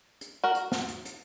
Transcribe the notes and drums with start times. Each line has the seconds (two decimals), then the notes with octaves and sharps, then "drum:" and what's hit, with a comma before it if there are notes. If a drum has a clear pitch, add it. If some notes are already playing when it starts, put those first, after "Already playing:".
0.21 drum: hi-hat
0.44 F#4 A#4
0.55 drum: hi-hat
0.72 drum: snare
0.89 drum: hi-hat
1.05 drum: hi-hat